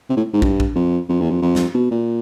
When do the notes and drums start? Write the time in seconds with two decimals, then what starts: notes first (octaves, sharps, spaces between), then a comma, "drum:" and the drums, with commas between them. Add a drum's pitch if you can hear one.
0.09 C3
0.17 A2
0.33 G#2
0.42 G2, drum: kick
0.60 drum: kick
0.75 F2
1.09 F2
1.20 E2
1.30 F2
1.42 F2
1.55 drum: snare
1.74 B2
1.91 A#2